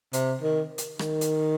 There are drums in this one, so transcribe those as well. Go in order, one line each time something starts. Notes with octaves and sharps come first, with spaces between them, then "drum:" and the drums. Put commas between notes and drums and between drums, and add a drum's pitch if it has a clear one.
C3, drum: hi-hat
D#3
drum: hi-hat
D#3, drum: rim click
drum: hi-hat